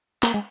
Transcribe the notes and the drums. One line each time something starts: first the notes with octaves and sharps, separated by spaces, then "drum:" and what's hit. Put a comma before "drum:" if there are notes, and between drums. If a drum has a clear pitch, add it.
A#3, drum: clap
G#3